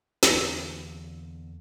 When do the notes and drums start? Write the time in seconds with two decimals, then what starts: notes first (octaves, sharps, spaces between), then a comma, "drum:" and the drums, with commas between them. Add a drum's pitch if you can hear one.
0.23 E2 D3 A#3, drum: snare